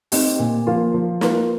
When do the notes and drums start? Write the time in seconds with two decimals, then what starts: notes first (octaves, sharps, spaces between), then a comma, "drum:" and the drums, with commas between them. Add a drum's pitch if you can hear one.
0.12 C4 D#4 G4, drum: open hi-hat
0.39 A#2
0.67 F3 A#3 F4
0.94 F3
1.21 A#3 F4 A#4, drum: snare